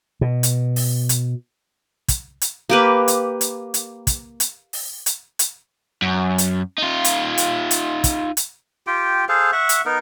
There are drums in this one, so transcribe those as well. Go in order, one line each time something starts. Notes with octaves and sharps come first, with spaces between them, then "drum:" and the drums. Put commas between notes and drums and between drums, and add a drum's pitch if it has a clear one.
B2
drum: hi-hat
drum: open hi-hat
drum: hi-hat
drum: kick, hi-hat
drum: hi-hat
A#3 G4 B4
drum: hi-hat
drum: hi-hat
drum: hi-hat
drum: kick, hi-hat
drum: hi-hat
drum: open hi-hat
drum: hi-hat
drum: hi-hat
F#2
drum: hi-hat
D#4 F4
drum: hi-hat
drum: hi-hat
drum: hi-hat
drum: kick, hi-hat
drum: hi-hat
F4 G4 G5
G#4 A4 C5 F5
E5 F#5 C#6
drum: hi-hat
B3 D#4 A#4